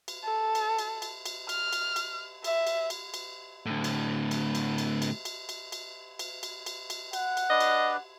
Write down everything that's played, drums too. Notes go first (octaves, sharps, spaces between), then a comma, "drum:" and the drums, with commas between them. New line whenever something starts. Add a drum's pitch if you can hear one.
drum: cymbal
A4
drum: cymbal
drum: cymbal
drum: cymbal
drum: cymbal
F6, drum: cymbal
drum: cymbal
drum: cymbal
E5, drum: cymbal
drum: cymbal
drum: cymbal
drum: cymbal
A2 D3
drum: cymbal
drum: cymbal
drum: cymbal
drum: cymbal
drum: cymbal
drum: cymbal
drum: cymbal
drum: cymbal
drum: cymbal
drum: cymbal
drum: cymbal
drum: cymbal
F#5, drum: cymbal
drum: cymbal
D4 B4 D5 D#5
drum: cymbal